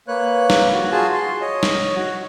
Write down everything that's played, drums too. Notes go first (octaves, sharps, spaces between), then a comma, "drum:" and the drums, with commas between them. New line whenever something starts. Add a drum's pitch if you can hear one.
A#3 B4 C#5 F#6
drum: snare
F#4
F4 F#4 G#4 G#5 A5
C6
C#5 D#5
drum: snare
F#4